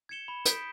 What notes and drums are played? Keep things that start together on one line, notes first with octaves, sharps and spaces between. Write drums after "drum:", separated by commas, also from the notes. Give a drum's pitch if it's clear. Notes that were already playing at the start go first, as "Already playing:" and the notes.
G#6 C#7 E7 G7
B5
D#6 G6 B6 D7, drum: hi-hat